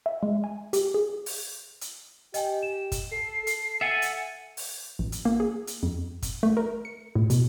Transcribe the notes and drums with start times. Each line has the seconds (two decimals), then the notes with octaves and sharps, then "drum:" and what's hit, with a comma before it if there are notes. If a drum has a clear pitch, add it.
0.06 E5
0.23 G#3
0.44 G#5
0.73 G4, drum: hi-hat
0.94 G#4
1.26 drum: open hi-hat
1.81 drum: hi-hat
2.34 G4 D#5 G5 G#5, drum: hi-hat
2.63 E7
2.92 drum: kick, hi-hat
3.12 A4 C7
3.47 A4, drum: hi-hat
3.81 E5 F#5 G#5 A6
4.02 drum: hi-hat
4.57 drum: open hi-hat
4.99 A1
5.12 drum: hi-hat
5.25 A#3
5.40 G#4
5.67 drum: hi-hat
5.83 F2
6.22 drum: kick, hi-hat
6.43 A3
6.57 A#4
6.85 C#7
7.15 A2
7.30 B2, drum: hi-hat